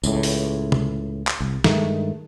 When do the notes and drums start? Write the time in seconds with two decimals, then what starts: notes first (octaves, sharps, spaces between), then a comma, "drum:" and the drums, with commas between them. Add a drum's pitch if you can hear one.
0.03 C#2 A2, drum: tambourine
0.23 drum: open hi-hat
0.72 drum: tom
1.27 drum: clap
1.40 C2
1.64 G2 D#3 G#3 A3, drum: snare